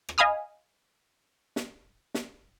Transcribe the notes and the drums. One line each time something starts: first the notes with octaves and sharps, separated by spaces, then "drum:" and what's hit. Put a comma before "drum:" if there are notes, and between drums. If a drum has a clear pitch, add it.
drum: rim click
D#5 F5 G#5 B5 D#6 F6
drum: snare
drum: snare